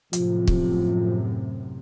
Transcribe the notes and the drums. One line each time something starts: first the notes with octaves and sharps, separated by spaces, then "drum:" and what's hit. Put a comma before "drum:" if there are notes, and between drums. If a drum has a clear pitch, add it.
F#2 A2 C3 F3, drum: hi-hat
drum: kick